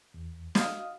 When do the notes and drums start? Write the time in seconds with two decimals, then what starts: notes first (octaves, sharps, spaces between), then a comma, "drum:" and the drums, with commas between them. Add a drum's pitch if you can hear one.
0.14 E2
0.55 F#4 D#5 F5 D#6, drum: snare